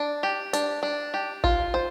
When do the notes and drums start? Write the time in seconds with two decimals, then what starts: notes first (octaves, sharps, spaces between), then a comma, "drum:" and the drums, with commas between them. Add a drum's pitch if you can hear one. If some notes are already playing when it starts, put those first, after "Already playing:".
Already playing: D4
0.23 G4
0.53 D4, drum: hi-hat
0.83 D4
1.14 G4
1.44 F4, drum: kick
1.74 C5